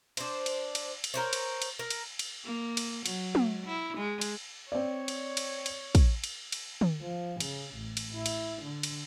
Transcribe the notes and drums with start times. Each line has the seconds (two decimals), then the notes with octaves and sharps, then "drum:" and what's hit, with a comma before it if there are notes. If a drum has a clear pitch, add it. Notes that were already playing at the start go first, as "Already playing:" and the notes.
0.17 D4 C5, drum: cymbal
0.46 drum: cymbal
0.75 drum: cymbal
1.04 drum: cymbal
1.14 A#4 C5 C#5
1.33 drum: cymbal
1.62 drum: cymbal
1.79 A#4
1.90 drum: cymbal
2.19 drum: cymbal
2.44 A#3
2.77 drum: cymbal
3.06 F#3, drum: cymbal
3.35 drum: tom
3.66 E4
3.97 G#3
4.21 drum: cymbal
4.72 C4 C#5 D5
5.08 drum: cymbal
5.37 drum: cymbal
5.66 drum: cymbal
5.95 drum: kick, cymbal
6.24 drum: cymbal
6.52 drum: cymbal
6.81 drum: tom
7.01 F3
7.40 C#3, drum: cymbal
7.75 A1
7.97 drum: cymbal
8.13 E4
8.26 drum: cymbal
8.63 D3
8.83 drum: cymbal